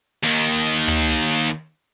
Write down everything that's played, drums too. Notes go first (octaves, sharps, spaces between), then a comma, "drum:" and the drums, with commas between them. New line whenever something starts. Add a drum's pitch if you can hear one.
D#2 D#3, drum: hi-hat
drum: hi-hat
drum: tom
drum: hi-hat